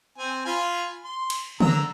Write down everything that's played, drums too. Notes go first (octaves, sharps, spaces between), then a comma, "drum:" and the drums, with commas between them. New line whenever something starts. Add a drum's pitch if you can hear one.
C4 G#5
F4 G#5 B5
C6
drum: cymbal
D3 A#5 E6, drum: tom C#3